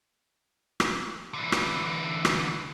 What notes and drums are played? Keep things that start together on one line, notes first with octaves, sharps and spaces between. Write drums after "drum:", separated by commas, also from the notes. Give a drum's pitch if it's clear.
drum: rim click
D3 E3
drum: rim click
drum: rim click